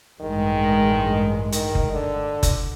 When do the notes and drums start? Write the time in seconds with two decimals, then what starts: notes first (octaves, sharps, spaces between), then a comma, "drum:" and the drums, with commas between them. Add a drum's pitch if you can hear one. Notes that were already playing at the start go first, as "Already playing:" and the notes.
0.21 A1 G2 D#3 G#3
1.53 D#3, drum: hi-hat
1.75 drum: kick F#1
1.93 D3
2.43 drum: kick F#1, hi-hat